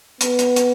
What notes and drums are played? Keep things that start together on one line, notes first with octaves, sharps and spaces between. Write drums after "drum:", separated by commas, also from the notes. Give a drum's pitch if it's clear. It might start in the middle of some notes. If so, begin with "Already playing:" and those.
B3, drum: hi-hat
drum: hi-hat
drum: hi-hat